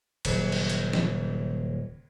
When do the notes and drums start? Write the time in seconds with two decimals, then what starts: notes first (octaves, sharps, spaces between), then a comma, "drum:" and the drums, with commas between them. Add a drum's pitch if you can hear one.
0.25 D#1 C#3 F#3, drum: cymbal
0.52 drum: cymbal
0.70 drum: hi-hat
0.93 drum: snare